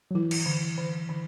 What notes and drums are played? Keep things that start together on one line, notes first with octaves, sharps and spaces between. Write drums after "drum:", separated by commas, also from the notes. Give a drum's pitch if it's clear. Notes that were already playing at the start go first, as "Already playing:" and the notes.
F#3
E3 E4
drum: cymbal
D3
D3
D3